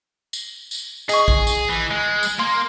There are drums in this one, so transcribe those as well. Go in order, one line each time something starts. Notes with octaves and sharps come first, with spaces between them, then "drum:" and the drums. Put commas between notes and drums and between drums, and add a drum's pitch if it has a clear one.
drum: tambourine
drum: tambourine
G#4 D#5 C#6, drum: tambourine
drum: kick
drum: tambourine
E3
G#3
drum: tambourine
A#3 C6